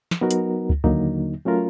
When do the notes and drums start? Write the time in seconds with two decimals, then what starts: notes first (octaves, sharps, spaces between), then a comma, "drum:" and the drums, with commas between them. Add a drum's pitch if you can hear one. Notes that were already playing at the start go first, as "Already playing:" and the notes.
0.11 drum: snare
0.21 F#3 B3 D#4 F#4 A#4
0.31 drum: hi-hat
0.70 drum: kick
0.84 D#2 D3 F#3 A#3 D#4, drum: kick
1.45 F#3 A3 C#4 F4 A#4